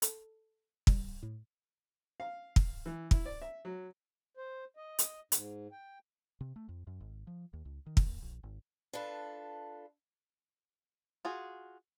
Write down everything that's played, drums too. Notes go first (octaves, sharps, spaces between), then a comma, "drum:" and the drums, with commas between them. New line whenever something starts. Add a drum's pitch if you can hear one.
A4, drum: hi-hat
G3, drum: kick
A2
F5
drum: kick
E3
E4, drum: kick
D5
E5
F#3
C5
D#5
drum: hi-hat
G#2, drum: hi-hat
G5
C3
A3
F2
F#2
G#1
F3
D#2
C#2
D#3
drum: kick
D#2
A#1
G#1
D4 F4 A4 B4
F4 F#4 G#4